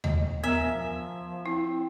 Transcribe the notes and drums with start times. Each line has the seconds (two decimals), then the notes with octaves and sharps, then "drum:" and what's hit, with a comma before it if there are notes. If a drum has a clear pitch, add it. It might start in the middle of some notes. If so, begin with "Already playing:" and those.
0.04 D#5, drum: tom D#2
0.43 B3 A#4 E5
0.60 F3
1.46 C4 E4